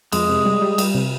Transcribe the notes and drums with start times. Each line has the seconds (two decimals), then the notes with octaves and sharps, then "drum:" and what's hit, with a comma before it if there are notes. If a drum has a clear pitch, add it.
0.12 F2 G#3, drum: cymbal
0.29 C3
0.46 G3
0.61 G3
0.78 G3, drum: cymbal
0.95 C3